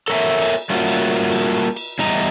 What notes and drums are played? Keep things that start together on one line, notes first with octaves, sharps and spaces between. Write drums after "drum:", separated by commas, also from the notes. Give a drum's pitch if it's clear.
A4 A#4 C#5 D#5 E5 G#5
drum: cymbal
G3 A3 A#3 C#4 F4 F#4
drum: cymbal
drum: cymbal
drum: cymbal
E2 A2 G3 D#5 A#5, drum: cymbal